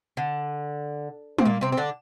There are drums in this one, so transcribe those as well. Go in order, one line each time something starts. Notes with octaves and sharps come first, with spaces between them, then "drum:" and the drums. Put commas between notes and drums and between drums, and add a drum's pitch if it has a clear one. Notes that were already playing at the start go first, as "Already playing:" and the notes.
D3
C4, drum: tom
A#2 A#3
C3 C4
C4
D3 D4